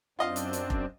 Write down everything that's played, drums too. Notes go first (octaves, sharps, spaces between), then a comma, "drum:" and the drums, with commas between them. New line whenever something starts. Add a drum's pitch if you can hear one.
F#2 C4 D4 F4 D#5 F5
drum: hi-hat
drum: hi-hat
drum: kick F1